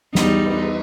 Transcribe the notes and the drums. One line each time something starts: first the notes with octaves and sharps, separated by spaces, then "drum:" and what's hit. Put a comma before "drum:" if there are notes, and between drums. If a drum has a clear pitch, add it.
E2 G3 D#4, drum: snare
drum: cymbal